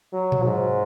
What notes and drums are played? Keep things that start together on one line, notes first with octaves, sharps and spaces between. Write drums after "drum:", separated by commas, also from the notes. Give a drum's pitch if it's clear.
F#3
drum: tom A#2
G#2